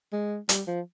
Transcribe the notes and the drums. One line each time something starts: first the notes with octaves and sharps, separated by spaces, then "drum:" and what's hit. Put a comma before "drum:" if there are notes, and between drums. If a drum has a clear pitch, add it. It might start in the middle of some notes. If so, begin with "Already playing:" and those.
G#3
G3, drum: hi-hat
F3